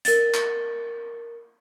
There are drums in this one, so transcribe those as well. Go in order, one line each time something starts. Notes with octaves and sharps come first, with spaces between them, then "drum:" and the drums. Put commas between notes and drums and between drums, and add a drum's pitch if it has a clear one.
A#4 A6, drum: hi-hat
drum: clap